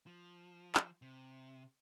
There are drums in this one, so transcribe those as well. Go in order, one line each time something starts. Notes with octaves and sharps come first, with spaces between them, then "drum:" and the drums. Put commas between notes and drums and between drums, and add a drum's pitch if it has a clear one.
F3
drum: clap
C3